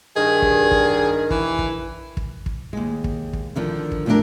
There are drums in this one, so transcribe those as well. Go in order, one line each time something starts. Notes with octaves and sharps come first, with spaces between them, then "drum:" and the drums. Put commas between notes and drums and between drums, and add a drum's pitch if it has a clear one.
G2 D#3 G#4
drum: kick
drum: kick
E3, drum: kick
drum: kick
drum: kick
drum: kick
D#2 G#3
drum: kick
drum: kick
D3 D#3 F3 D4
drum: kick
D2 G3 A3 A#3 D4 A#4